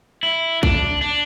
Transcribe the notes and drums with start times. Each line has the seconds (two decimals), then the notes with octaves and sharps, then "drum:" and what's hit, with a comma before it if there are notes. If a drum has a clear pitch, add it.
0.23 E4
0.63 D4, drum: kick A#1
1.02 D4